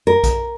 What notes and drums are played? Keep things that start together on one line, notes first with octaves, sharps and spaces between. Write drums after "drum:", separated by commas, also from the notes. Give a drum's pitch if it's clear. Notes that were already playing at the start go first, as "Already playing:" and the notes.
A#4
drum: kick B1, hi-hat